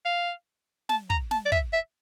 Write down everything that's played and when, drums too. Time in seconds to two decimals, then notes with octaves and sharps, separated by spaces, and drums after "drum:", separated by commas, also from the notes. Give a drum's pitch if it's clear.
0.06 F5
0.89 A5, drum: snare
1.10 A#5, drum: kick
1.31 A5, drum: snare
1.46 D5
1.52 E5, drum: kick
1.73 E5